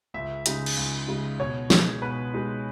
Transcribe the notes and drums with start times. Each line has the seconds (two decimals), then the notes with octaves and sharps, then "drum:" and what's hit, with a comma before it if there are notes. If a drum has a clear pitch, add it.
0.14 C#2 E5
0.46 C#3 G#3 D#4, drum: hi-hat
0.66 drum: cymbal
0.77 C#2
1.07 C#3 G#3 D#4
1.40 B2 C#5
1.70 G#3 D#4, drum: snare
2.02 B2 B4
2.33 G#3 D#4